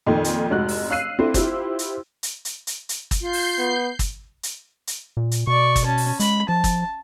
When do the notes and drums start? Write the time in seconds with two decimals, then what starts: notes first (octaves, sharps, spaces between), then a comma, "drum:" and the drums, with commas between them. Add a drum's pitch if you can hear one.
0.06 F2 A#2 D#3 A3
0.24 drum: hi-hat
0.50 F1 G#2 F#4 F#6
0.68 drum: open hi-hat
0.90 F5 E6 F#6 C7 D#7
1.19 A3 C4 D4 E4
1.34 E4 F4 G4 C5, drum: kick, hi-hat
1.79 drum: hi-hat
2.23 drum: hi-hat
2.45 drum: hi-hat
2.67 drum: hi-hat
2.89 drum: hi-hat
3.11 drum: kick, hi-hat
3.21 F4 G6 C7
3.33 drum: open hi-hat
3.59 B3
3.99 drum: kick, hi-hat
4.43 drum: hi-hat
4.87 drum: hi-hat
5.17 A#2
5.31 drum: hi-hat
5.47 B2 D5 C#6
5.76 drum: kick, hi-hat
5.85 C#4 A5
5.98 drum: open hi-hat
6.20 G#3 B5, drum: hi-hat
6.49 F3 A5
6.64 drum: kick, hi-hat